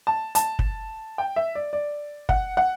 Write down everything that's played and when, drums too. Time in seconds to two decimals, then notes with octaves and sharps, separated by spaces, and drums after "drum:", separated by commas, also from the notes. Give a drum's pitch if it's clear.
0.07 A5
0.35 A5, drum: hi-hat
0.59 drum: kick
1.18 G5
1.36 E5
1.55 D5
1.73 D5
2.29 F#5, drum: kick
2.57 F#5